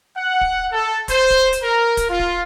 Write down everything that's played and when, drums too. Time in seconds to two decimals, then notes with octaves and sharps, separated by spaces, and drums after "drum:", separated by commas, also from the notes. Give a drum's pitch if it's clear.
0.16 F#5
0.41 drum: kick
0.71 A4
1.08 C5, drum: kick, hi-hat
1.30 drum: kick
1.53 drum: hi-hat
1.63 A#4
1.97 drum: kick, hi-hat
2.10 F4
2.19 drum: kick